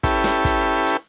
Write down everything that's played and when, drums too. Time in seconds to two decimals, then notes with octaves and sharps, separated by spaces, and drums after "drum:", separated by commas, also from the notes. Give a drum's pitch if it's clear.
0.03 C#4 E4 G4 A4 B4, drum: kick, hi-hat
0.24 drum: snare
0.45 drum: kick, hi-hat
0.86 drum: hi-hat